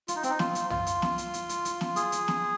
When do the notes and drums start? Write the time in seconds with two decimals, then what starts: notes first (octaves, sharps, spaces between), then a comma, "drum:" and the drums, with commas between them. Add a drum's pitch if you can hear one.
0.08 F4, drum: hi-hat
0.16 D#4
0.23 C4, drum: hi-hat
0.30 D#4
0.39 F4, drum: snare
0.55 drum: hi-hat
0.70 F4, drum: tom
0.86 drum: hi-hat
1.02 drum: snare
1.18 drum: hi-hat
1.34 drum: hi-hat
1.49 drum: hi-hat
1.65 drum: hi-hat
1.81 drum: snare
1.96 G#4, drum: hi-hat
2.12 drum: hi-hat
2.28 drum: snare